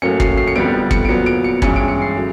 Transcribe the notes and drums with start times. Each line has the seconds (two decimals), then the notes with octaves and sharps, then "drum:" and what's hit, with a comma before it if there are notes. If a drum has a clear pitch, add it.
0.02 A2 F#3 A#3 C#4 C#7
0.20 C7, drum: kick
0.38 C7
0.47 C#7
0.55 F2 D3 G3 B3 D7
0.91 C#7, drum: kick
1.05 D7
1.09 A#2 F#3 B3 C#7
1.26 D7
1.44 C#7
1.62 G2 E3 G#3 C#4 C#7, drum: kick
1.76 D7
1.88 C#7
2.02 C7
2.17 D3 F#3